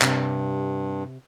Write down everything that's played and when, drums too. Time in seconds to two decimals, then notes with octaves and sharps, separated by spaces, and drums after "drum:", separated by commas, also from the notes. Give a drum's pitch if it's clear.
0.02 G2 C3, drum: clap